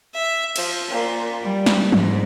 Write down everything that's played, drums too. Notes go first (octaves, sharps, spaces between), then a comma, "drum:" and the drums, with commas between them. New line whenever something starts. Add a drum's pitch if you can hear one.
E5
F3, drum: cymbal
A#2
G3
drum: snare
G#2, drum: tom E3